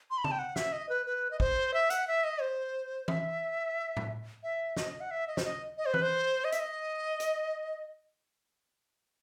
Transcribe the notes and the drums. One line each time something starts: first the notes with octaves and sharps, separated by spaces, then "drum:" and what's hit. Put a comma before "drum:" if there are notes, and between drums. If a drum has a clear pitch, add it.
C6
B5
A5, drum: tom C#3
G5
F#5
E5, drum: snare
D#5
B4
B4
D#5
C5, drum: kick
E5
F#5, drum: hi-hat
E5
D#5
C5
E5, drum: tom E3
drum: tom A2
E5
D#5, drum: snare
F#5
E5
D#5
C5, drum: snare
D#5
D#5
C5
B4, drum: tom E3
C5
D#5
E5, drum: hi-hat
D#5
drum: hi-hat